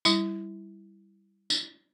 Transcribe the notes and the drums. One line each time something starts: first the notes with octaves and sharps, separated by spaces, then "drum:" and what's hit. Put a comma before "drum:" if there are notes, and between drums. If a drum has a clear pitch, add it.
G3 E4, drum: tambourine
drum: tambourine